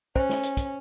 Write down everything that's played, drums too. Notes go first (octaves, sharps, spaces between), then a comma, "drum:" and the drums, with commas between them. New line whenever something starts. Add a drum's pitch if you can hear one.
C#4 C5, drum: kick
drum: snare
drum: hi-hat
drum: kick, hi-hat